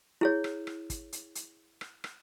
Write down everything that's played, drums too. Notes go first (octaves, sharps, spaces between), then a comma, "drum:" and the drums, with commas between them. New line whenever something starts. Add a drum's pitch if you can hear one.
E4 G#4 C#5
drum: rim click
drum: rim click
drum: kick, hi-hat
drum: hi-hat
drum: hi-hat
drum: rim click
drum: rim click